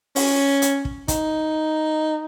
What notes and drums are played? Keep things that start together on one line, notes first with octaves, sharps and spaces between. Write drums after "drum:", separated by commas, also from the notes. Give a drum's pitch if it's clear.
C#4, drum: open hi-hat
drum: hi-hat
drum: kick
D#4, drum: kick, hi-hat